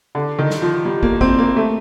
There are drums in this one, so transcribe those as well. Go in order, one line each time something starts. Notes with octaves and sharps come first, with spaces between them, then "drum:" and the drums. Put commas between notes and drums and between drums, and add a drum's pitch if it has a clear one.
D3
D#3
drum: snare
F3
G3
A#3, drum: kick
C4, drum: kick
A#3
A3